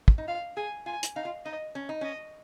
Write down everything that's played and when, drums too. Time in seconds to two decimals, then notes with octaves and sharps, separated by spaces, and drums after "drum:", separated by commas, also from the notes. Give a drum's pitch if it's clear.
0.08 drum: kick
0.18 D#4
0.28 F4 F5
0.57 G#4 G#5
0.86 F4 G#5
1.03 drum: hi-hat
1.16 D#4 F5
1.25 F4
1.45 D#4 D#5
1.75 C#4
1.89 D#4
2.01 C#4 D#5